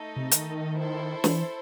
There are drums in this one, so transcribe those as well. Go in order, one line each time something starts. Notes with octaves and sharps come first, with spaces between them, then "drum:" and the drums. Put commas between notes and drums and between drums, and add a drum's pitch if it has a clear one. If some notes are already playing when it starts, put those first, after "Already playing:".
Already playing: A3 D#4 A4 D#5
C3
D#3, drum: hi-hat
E4 A4 C5
E3, drum: snare